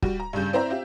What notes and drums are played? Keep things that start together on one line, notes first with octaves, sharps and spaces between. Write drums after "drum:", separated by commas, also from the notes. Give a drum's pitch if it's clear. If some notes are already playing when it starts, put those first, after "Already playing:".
G3 F#4, drum: kick
A#5
G2 C#3 G3 G6
C4 E4 C5 D5 E5 A#5
C4 F4 G4 E5